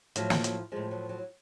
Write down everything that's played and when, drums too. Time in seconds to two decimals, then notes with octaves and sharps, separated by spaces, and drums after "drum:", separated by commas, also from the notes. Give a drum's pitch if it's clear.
0.16 A2 F3 F#3, drum: hi-hat
0.30 drum: snare
0.44 drum: hi-hat
0.72 A2 F3 G#3
0.91 F#3
1.09 F#3